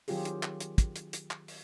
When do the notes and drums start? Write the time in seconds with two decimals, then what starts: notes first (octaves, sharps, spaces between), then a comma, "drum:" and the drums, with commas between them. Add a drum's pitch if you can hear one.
0.08 D#3 F#3 C4 F4 G4 G#4, drum: open hi-hat
0.25 drum: hi-hat
0.43 drum: clap
0.60 drum: hi-hat
0.78 drum: kick, hi-hat
0.96 drum: hi-hat
1.13 drum: hi-hat
1.31 drum: clap
1.48 drum: open hi-hat